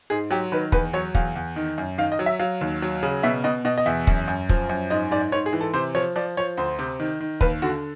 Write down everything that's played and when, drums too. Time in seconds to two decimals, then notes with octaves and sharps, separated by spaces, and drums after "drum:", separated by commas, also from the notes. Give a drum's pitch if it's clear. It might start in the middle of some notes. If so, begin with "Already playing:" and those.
0.10 G#2 G#4
0.31 F#3 G4
0.52 D#3 B4
0.72 E2 B4, drum: kick
0.93 F#3 C#5
1.15 E2 F5, drum: kick
1.36 E2
1.56 D#3
1.78 F#2
1.98 D#3 F5
2.12 D#5
2.19 F#3
2.26 E5
2.39 F#3 F5
2.61 D#2
2.82 F#3
3.03 C#3
3.23 B2 E5
3.44 B2 D#5
3.65 B2 D#5
3.78 D#5
3.86 E2 E5
4.07 F#2, drum: kick
4.28 F#2
4.49 F3, drum: kick
4.69 F#2
4.90 G#2 D#5
5.11 G#2 D5
5.32 G#2 C#5
5.46 G#4
5.53 E3
5.61 A4
5.74 C3 C5
5.95 F3 C#5
6.16 F3 D5
6.37 F3 C#5
6.57 D2 C5
6.79 C3
7.00 D#3
7.20 D#3
7.41 D#2 B4, drum: kick
7.62 D3 F#4